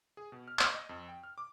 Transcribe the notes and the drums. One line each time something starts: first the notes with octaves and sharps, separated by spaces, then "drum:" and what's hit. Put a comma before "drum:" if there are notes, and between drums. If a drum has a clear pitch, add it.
G#4
B2
F6
D5, drum: clap
D#5
F2
G5
F6
D6